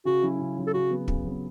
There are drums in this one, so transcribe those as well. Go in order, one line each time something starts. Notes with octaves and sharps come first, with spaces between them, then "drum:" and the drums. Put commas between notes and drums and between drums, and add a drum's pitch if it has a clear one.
C#3 F#4
F#3 C#4 E4
C#3
F#3 C#4 E4
A4
C#3 F#4
F#3 B3
C#3, drum: kick
F#3 B3